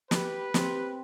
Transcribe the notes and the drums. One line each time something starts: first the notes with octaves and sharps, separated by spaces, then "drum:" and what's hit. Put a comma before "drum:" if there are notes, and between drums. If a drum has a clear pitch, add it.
G4 B4, drum: snare
C4 G4, drum: snare